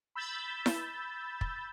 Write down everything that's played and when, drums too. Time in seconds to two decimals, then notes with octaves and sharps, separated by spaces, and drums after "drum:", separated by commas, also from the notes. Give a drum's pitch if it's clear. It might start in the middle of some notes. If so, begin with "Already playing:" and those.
0.15 B5 E6 G6 A6
0.66 drum: snare E4
1.41 drum: kick